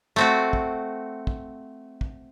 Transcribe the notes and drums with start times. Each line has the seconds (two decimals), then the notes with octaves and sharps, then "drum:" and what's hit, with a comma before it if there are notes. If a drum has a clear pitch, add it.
0.16 A3 C4 F#4
0.53 drum: kick
1.27 drum: kick
2.01 drum: kick